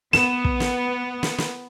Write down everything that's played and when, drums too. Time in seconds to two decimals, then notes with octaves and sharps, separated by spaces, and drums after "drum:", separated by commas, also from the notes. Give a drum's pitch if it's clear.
0.13 B3 E7, drum: snare
0.45 drum: kick
0.60 drum: snare
1.23 drum: snare
1.38 drum: snare